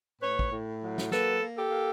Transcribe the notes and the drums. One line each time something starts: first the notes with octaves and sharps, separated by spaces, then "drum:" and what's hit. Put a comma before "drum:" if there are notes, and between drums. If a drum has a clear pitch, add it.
A2 B4 C#5
drum: kick
A2
F#3
drum: snare
A#3 A4 B4, drum: snare
A#3
G4 A4
A#3